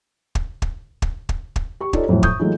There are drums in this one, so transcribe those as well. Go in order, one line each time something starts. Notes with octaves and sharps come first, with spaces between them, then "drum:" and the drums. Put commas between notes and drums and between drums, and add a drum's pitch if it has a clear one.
drum: kick
drum: kick
drum: kick
drum: kick
drum: kick
G4 C#6
D#4 F4 G4 A4 C#5 D5, drum: kick
F2 A2 F3 F#3
C#6 D#6 G6, drum: kick
E3 F#3 G#3 A3 D#4 F4